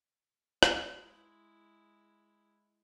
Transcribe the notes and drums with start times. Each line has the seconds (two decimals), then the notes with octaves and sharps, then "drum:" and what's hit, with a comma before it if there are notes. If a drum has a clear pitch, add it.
0.63 G#3 E4, drum: rim click